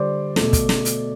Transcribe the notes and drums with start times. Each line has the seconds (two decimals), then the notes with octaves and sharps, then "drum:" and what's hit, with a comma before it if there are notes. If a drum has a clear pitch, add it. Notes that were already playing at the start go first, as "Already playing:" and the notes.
Already playing: D3 G3 C5 D5
0.36 B2 A3, drum: snare
0.53 drum: kick, hi-hat
0.69 drum: snare
0.85 drum: hi-hat